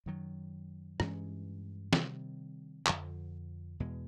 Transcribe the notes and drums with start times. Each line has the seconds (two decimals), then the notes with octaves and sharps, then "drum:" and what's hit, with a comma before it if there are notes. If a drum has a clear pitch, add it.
0.06 F#2 D#3 F#3
1.00 G2 E3 G#3 C#4, drum: rim click
1.93 C3 D#3 G3, drum: snare
2.86 F2 D3 F3, drum: clap
3.80 E2 B2 G#3